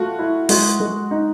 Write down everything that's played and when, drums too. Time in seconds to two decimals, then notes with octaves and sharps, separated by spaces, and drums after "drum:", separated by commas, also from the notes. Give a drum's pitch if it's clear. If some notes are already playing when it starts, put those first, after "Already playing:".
Already playing: A3 F4 F#4
0.19 E4
0.49 G#3 F#4, drum: open hi-hat
0.80 G#3
1.11 D#4